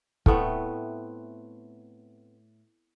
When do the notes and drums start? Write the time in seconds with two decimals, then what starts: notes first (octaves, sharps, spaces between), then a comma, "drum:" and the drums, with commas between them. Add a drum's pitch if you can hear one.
0.26 A2 A3 B3 C4, drum: kick